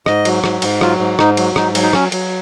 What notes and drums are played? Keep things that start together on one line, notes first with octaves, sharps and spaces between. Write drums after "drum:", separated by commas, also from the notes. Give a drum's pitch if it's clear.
G#2 D#5, drum: rim click
F#3, drum: cymbal
G#2, drum: rim click
G#2, drum: cymbal
F#3 F4, drum: rim click
G#2
G#2 D#4, drum: rim click
F#3, drum: cymbal
G#2 D#4, drum: rim click
F#3, drum: cymbal
D#4
F#3 C#4, drum: rim click
F#3, drum: cymbal